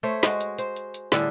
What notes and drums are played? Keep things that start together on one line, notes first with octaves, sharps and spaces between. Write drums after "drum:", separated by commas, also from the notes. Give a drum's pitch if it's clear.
A3 C5 C#5
G#3 F#4, drum: snare
drum: hi-hat
C5, drum: hi-hat
drum: hi-hat
drum: hi-hat
A2 D3 G3 G#4, drum: snare